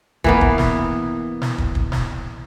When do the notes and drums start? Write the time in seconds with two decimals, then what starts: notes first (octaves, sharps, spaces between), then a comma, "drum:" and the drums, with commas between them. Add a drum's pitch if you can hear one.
0.24 E3 A#3 B3, drum: kick
0.41 drum: kick
0.58 drum: snare
1.42 drum: snare
1.58 drum: kick
1.75 drum: kick
1.92 drum: snare